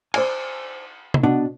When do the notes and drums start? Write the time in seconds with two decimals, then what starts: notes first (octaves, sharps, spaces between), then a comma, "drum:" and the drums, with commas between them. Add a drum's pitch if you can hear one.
0.14 C5 D5 G#5, drum: cymbal
1.14 drum: tom C3
1.23 B2 B3 D4